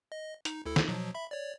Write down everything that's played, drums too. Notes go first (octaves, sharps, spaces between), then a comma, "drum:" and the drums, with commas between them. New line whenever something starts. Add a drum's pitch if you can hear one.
D#5
D#4, drum: hi-hat
D2 E4 A4
drum: snare
B2 F3 F#3
E5 B5
C#5 D5